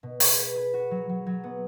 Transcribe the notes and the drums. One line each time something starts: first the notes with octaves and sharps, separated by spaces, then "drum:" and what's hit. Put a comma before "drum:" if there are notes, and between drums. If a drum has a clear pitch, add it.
B2
G#4, drum: open hi-hat
B4
B4
F#4
F#3
F#3
F#3
B3